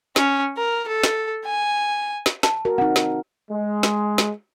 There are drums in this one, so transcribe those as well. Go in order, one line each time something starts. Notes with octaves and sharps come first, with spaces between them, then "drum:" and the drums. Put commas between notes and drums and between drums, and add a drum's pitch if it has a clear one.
C#4, drum: snare
A#4
A4
drum: snare
G#5
drum: snare
A5, drum: snare
F#4 A#4
C4 D#4 F#5
drum: snare
G#3
drum: snare
drum: snare